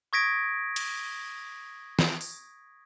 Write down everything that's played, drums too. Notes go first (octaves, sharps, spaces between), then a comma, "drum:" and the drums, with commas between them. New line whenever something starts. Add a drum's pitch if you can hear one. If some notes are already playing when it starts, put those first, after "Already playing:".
C#6 D#6 G#6 A#6 B6 D7
drum: cymbal
drum: snare
drum: open hi-hat